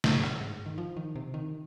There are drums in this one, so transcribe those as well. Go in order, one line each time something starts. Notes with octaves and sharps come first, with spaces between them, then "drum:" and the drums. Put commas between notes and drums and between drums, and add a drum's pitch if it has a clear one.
G2, drum: snare
drum: rim click
G#2
D#3
F3
D#3
C3
D#3